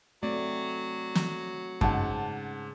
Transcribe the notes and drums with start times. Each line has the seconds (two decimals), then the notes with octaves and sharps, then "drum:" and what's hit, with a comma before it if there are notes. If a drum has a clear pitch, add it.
0.23 F#3 A3 C4 D5
1.15 drum: snare
1.81 G#2 C#3 F#5 A5, drum: kick F#2